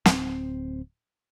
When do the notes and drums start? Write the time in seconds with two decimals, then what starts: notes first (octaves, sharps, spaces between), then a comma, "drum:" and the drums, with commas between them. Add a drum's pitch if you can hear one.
0.06 D1 C4, drum: snare